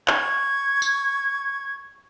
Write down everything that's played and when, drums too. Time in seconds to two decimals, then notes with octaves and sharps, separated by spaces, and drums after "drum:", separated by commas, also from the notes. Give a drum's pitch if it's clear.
0.08 C#6 G#6, drum: clap
0.82 drum: tambourine